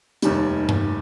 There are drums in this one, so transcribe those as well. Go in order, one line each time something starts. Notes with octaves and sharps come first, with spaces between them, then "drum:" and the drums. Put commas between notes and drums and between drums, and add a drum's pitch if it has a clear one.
F1 D#2 D#3 G3, drum: hi-hat
drum: tom G2